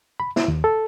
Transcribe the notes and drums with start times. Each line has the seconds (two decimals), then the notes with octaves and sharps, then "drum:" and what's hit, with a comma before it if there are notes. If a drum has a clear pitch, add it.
0.20 B5
0.36 E4, drum: snare
0.48 D#2
0.64 A4